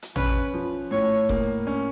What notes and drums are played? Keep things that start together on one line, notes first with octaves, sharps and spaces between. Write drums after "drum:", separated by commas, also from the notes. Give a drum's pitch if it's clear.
drum: hi-hat
C#4 B4, drum: tom
F3
A2 C#5
A#3, drum: kick F1
C#4